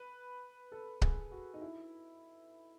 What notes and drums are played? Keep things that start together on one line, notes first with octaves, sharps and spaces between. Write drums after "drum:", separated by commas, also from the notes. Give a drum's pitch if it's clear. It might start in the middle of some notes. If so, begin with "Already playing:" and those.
Already playing: B4
A4
G#4, drum: kick C#1
F#4
D#4
E4